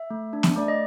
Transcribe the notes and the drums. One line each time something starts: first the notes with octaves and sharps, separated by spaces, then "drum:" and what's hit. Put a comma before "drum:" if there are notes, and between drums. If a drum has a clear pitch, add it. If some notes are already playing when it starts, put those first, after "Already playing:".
Already playing: E5
A3
D4
drum: snare B3
A3 D5
D#5